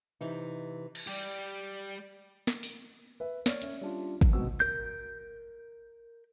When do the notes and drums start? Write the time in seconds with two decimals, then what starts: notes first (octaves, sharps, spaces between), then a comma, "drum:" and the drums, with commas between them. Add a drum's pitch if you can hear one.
0.21 C3 E3 D#4
0.95 drum: cymbal
1.07 G3 G4
2.47 drum: snare
2.63 drum: open hi-hat
3.20 B4 E5
3.46 C#5 D5 F6, drum: snare
3.62 C#4 E5, drum: hi-hat
3.82 G3 D4 F4
4.21 drum: kick
4.33 G#1 B2 B3 C4 F#4 E6
4.60 A#4 G6